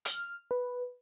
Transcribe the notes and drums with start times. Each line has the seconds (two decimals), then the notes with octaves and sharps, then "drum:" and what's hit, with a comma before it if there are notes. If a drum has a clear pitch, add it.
0.05 F6, drum: hi-hat
0.51 B4